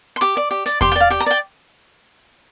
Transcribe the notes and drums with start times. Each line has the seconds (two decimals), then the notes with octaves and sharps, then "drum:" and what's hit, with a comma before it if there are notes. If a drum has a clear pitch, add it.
0.16 C6
0.21 G4 D6
0.37 D5
0.51 G4
0.66 D5, drum: hi-hat
0.81 G4 C6, drum: kick E2
0.92 G5
0.96 D5 F5
1.10 G4 G5
1.20 A#5
1.26 D5 G5